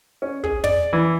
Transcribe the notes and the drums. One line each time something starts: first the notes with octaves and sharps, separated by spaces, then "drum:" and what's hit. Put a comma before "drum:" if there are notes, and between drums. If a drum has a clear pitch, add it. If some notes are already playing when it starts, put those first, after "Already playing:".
C#4
G#4, drum: kick
D5, drum: tom
E3